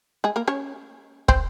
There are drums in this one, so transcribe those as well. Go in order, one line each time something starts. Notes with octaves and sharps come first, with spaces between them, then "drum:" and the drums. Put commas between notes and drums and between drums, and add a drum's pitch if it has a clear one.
G#3 G#4
A#3 A#4
C#4 C#5
C4 C5, drum: kick